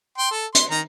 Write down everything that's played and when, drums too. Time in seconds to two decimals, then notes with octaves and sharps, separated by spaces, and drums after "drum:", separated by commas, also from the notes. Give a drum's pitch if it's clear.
0.18 G5 C6
0.31 A4
0.55 C6, drum: hi-hat
0.70 D#3 A#5